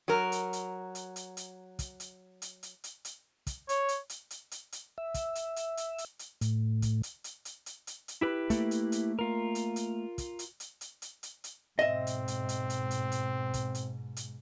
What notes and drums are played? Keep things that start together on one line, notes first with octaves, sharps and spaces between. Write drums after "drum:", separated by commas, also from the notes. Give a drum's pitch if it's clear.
F#3 A#4
drum: hi-hat
drum: hi-hat
drum: hi-hat
drum: hi-hat
drum: hi-hat
drum: kick, hi-hat
drum: hi-hat
drum: hi-hat
drum: hi-hat
drum: hi-hat
drum: hi-hat
drum: kick, hi-hat
C#5, drum: hi-hat
drum: hi-hat
drum: hi-hat
drum: hi-hat
drum: hi-hat
drum: hi-hat
E5
drum: kick, hi-hat
drum: hi-hat
drum: hi-hat
drum: hi-hat
drum: hi-hat
drum: hi-hat
A2, drum: hi-hat
drum: kick, hi-hat
drum: hi-hat
drum: hi-hat
drum: hi-hat
drum: hi-hat
drum: hi-hat
drum: hi-hat
E4 G4 B4
A3 A#3, drum: kick, hi-hat
drum: hi-hat
drum: hi-hat
F4 A#4
drum: hi-hat
drum: hi-hat
drum: kick, hi-hat
drum: hi-hat
drum: hi-hat
drum: hi-hat
drum: hi-hat
drum: hi-hat
drum: hi-hat
G#2 B2 C4 D#5 E5
drum: hi-hat
drum: hi-hat
drum: hi-hat
drum: hi-hat
drum: hi-hat
drum: hi-hat
drum: kick, hi-hat
drum: hi-hat
drum: hi-hat